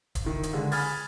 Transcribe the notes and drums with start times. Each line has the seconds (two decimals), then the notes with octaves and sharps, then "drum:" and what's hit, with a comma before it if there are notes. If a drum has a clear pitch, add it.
0.15 drum: kick D1, hi-hat
0.24 D#3 E4
0.43 drum: hi-hat
0.53 D3 G#3
0.72 G#5 B5 D#6 F6 G#6 A6, drum: open hi-hat